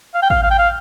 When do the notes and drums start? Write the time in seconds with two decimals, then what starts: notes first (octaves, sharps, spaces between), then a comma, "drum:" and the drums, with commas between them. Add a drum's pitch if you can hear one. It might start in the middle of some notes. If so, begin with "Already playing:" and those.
0.15 F5
0.22 G5
0.30 F5, drum: kick
0.43 F5
0.51 G5
0.59 F5